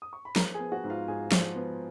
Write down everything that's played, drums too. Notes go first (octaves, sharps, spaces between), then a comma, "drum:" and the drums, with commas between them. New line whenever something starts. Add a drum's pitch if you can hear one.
D#6
C#6
B5
F3 A#4 A#5, drum: snare
G#4 G#5
B3
F#4 F#5
G#2
F4 F5
G#2 G#4 G#5
F3, drum: snare
B3